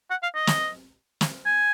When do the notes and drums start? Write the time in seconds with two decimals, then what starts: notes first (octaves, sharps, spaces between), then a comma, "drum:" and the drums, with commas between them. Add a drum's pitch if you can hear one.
0.11 F#5
0.23 F5
0.35 D#5
0.47 drum: snare
1.21 drum: snare
1.46 G#5